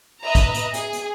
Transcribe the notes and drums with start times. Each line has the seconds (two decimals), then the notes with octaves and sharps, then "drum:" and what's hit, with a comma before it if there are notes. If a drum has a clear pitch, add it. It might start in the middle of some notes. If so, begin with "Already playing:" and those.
0.23 B4 D#5 E5 A#5
0.35 drum: kick, hi-hat
0.54 drum: hi-hat
0.73 G#4, drum: hi-hat
0.93 drum: hi-hat